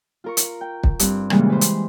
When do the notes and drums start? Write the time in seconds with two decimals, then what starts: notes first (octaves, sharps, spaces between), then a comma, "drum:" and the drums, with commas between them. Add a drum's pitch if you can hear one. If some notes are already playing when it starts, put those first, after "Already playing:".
0.24 F4 A#4 C#6
0.37 drum: hi-hat
0.61 G5
0.84 drum: kick
0.99 G2 C4, drum: hi-hat
1.30 A#2 C#3 E3 G3 G#3, drum: rim click
1.50 B4 C5
1.61 drum: hi-hat